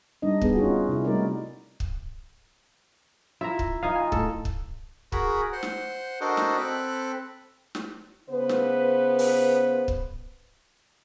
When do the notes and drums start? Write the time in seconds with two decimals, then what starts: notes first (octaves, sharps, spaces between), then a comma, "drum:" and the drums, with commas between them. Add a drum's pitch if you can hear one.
0.22 G3 D4 D#4 D#5
0.42 B3 G#4, drum: kick
0.56 C#4 D#4 F4 F#4
0.89 C3 E4
1.04 G3 A3 D#4 F#4 A#4 D5
1.80 drum: kick
3.41 E4 F4 E5 A#5
3.59 drum: kick
3.83 D#4 F4 F5 D#6 G#6
3.96 G#5
4.12 A2 A4, drum: kick
4.45 drum: kick
5.12 F#4 G#4 A#4 B5, drum: kick
5.53 C5 F#5
5.63 drum: snare
6.21 D4 F#4 A4 A#4 C5 D#5
6.37 drum: snare
6.57 C4 A4 B5 F#6
7.75 drum: snare
8.30 C#3 B3 B4 C5
8.49 drum: snare
9.19 drum: open hi-hat
9.88 drum: kick